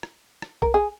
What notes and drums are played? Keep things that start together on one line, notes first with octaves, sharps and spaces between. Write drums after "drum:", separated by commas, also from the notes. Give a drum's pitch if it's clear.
drum: rim click
drum: rim click
A#4, drum: kick B1
G#4